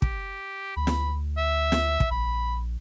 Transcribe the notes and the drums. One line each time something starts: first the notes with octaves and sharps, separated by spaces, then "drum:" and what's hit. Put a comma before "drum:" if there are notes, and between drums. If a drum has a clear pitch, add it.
G4, drum: kick
D2 B5
drum: snare
E5
drum: snare
drum: kick
A#1 B5